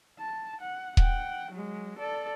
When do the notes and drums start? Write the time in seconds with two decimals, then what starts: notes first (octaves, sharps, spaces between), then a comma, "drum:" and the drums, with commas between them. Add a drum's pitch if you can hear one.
0.19 A5
0.61 F#5
0.97 F#5 G5, drum: kick D#1
1.52 F#3 G#3
1.99 A4 D5